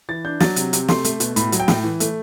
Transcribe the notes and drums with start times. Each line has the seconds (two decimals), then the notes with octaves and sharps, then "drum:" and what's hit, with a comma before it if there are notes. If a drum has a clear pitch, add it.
0.09 E3 A6
0.25 D4 G6
0.40 F#3 A6, drum: snare
0.56 C3, drum: hi-hat
0.73 C3, drum: hi-hat
0.88 A3 C6, drum: snare
1.04 A3, drum: hi-hat
1.20 B2, drum: hi-hat
1.36 A2 B5, drum: hi-hat
1.52 F#3, drum: hi-hat
1.60 G5
1.68 A2, drum: snare
1.84 E3
2.00 A3, drum: hi-hat